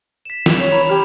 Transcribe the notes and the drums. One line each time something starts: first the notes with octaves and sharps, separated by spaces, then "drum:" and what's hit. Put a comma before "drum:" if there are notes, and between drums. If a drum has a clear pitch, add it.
B6 E7
F7, drum: snare
C#5
A#5 B5 F7
G4 B5 F6